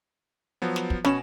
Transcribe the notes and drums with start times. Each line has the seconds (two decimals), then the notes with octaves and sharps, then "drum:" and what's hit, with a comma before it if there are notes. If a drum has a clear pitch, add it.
0.62 F3 F#3 B3
0.76 drum: snare
0.90 drum: kick
1.05 B2 C#4 G#5 B5 E7, drum: snare